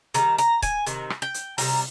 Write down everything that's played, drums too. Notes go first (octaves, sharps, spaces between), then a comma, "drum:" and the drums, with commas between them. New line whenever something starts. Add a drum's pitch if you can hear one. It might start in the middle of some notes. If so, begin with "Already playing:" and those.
C3 D#3 G3 A#5, drum: hi-hat
A#5, drum: hi-hat
G#5, drum: kick C#1, hi-hat
C3 D#3, drum: hi-hat
drum: rim click
G5
drum: hi-hat
C3 D#3 G3 A#5, drum: open hi-hat